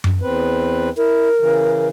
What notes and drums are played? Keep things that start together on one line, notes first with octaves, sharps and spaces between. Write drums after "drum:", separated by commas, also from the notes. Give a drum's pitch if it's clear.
drum: tom F#2
E2 C4 B4
E4 A#4
C#3 E3